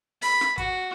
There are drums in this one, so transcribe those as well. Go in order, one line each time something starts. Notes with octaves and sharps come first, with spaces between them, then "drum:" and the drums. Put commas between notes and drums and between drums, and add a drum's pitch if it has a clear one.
B5, drum: open hi-hat
drum: snare
F#4, drum: kick, hi-hat